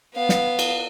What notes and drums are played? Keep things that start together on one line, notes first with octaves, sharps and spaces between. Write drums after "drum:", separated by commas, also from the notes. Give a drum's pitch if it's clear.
B3 F5
drum: snare
drum: cymbal